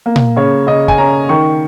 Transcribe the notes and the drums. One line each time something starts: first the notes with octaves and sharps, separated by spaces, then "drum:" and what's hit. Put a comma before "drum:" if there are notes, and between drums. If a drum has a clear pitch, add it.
A#3
drum: tom A#2
C#3 C#5
C#3 D#5
G#5, drum: kick
C#4 A#5
D#3 C#6